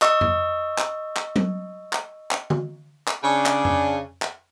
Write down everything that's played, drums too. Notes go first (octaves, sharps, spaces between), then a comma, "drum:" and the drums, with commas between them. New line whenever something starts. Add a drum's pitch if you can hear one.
D#5 C#6 E6, drum: clap
drum: tom F2
drum: clap
drum: clap
drum: tom F#3
drum: clap
drum: clap
drum: tom D3
drum: clap
C#3 D4
drum: clap
drum: tom F2
drum: clap